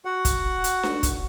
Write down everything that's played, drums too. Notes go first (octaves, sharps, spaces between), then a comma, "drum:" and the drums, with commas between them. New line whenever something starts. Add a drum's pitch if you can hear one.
F#4 F#5
drum: kick, hi-hat
drum: hi-hat
drum: snare D4
drum: kick, hi-hat